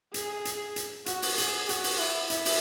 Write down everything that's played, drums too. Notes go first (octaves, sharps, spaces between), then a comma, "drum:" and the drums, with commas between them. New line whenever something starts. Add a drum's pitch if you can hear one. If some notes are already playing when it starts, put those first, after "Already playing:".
G#4, drum: hi-hat
drum: hi-hat
drum: hi-hat
F#4, drum: hi-hat
drum: open hi-hat
G#4, drum: hi-hat
F#4, drum: hi-hat
drum: open hi-hat
E4
E4, drum: hi-hat
drum: open hi-hat